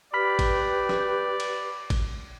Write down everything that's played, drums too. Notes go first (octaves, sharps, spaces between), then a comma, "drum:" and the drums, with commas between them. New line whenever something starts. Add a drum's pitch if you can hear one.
G4 B4 D5 B5 F6 B6
drum: kick G#1, cymbal
drum: snare
drum: cymbal
drum: kick G#1, cymbal